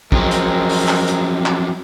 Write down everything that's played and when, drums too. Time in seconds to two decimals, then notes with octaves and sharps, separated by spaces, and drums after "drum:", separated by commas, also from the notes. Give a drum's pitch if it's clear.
0.12 F2 F#3 G#3 C4 A#4, drum: kick
0.31 drum: hi-hat
0.69 drum: open hi-hat
0.88 drum: clap
1.08 drum: hi-hat
1.46 drum: clap